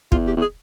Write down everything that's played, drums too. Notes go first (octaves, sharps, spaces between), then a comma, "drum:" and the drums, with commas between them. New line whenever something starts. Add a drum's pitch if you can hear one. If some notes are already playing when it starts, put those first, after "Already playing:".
E2 F4, drum: kick
G4
E2
G#4